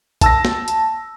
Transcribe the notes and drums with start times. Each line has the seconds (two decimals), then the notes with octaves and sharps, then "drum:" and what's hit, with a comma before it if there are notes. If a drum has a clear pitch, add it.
0.21 A5 E6 A#6, drum: kick, hi-hat
0.45 drum: snare
0.68 drum: hi-hat